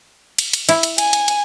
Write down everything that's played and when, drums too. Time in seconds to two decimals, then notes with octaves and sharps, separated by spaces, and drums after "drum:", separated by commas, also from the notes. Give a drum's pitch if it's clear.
0.38 drum: cymbal
0.53 drum: cymbal
0.69 E4, drum: cymbal
0.83 drum: cymbal
0.98 G#5, drum: cymbal
1.13 drum: cymbal
1.28 drum: cymbal